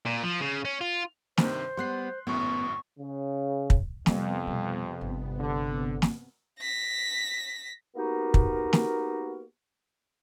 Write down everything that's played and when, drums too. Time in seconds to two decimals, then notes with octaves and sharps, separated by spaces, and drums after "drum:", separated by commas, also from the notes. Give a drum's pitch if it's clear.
0.05 A#2
0.23 F3
0.41 C#3
0.65 C#4
0.81 F4
1.38 G2 C3 D#3 C5, drum: snare
1.77 G3 B3 C6 F#6 C7
2.27 G#1 F#2 A2 B3 C#6
2.99 C#3
3.70 drum: kick
4.06 F2 C3 F3 G3 B3, drum: snare
4.47 B2 G3
5.01 G1
5.39 D3
6.02 drum: snare
6.60 A#6 B6
7.96 A#3 B3 D#4 F#4 G4 A#4
8.34 drum: kick
8.73 drum: snare